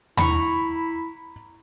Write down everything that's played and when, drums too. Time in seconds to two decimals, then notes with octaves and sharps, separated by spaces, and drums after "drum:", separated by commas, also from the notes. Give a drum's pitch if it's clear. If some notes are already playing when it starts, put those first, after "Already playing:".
0.17 E4 A#5 B5 C#6, drum: tom D#2